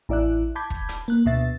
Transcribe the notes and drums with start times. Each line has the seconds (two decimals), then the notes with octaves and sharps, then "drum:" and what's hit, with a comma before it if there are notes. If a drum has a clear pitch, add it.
0.09 A1 E4 D5 E5 F#6
0.55 A5 B5 D6 G6 G#6 B6
0.70 drum: kick
0.89 drum: hi-hat
1.08 A#3 F#6
1.26 D2 B2 E5 A6